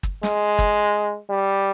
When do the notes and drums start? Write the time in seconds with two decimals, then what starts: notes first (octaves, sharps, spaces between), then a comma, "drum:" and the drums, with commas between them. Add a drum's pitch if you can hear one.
0.03 drum: kick
0.23 G#3, drum: snare
0.59 drum: kick
1.29 G3